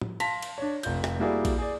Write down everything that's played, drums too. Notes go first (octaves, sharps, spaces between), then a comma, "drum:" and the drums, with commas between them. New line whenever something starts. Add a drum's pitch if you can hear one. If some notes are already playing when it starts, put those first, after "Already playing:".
drum: tom
F5 A5 C6 A#6 B6 F7, drum: cymbal
drum: cymbal
D4 C#5
F1 F4 G6, drum: cymbal
drum: rim click
G3 A#3 E4 F#4 G#4 D5
drum: kick, cymbal
G#4 D5